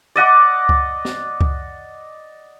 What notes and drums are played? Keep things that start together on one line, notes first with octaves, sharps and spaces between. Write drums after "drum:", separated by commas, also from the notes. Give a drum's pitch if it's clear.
D5 D#5 F#5 D6
drum: kick C#2
drum: snare
drum: kick C#2